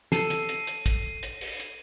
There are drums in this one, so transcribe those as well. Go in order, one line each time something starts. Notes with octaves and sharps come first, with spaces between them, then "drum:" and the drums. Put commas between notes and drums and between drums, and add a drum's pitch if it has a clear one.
A4 C7 D#7, drum: snare
drum: hi-hat
drum: hi-hat
drum: hi-hat
drum: kick, hi-hat
drum: hi-hat
drum: open hi-hat
drum: hi-hat